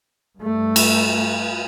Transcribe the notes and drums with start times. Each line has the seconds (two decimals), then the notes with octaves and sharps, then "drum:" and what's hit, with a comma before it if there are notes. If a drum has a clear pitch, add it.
0.38 G2 A3
0.76 drum: cymbal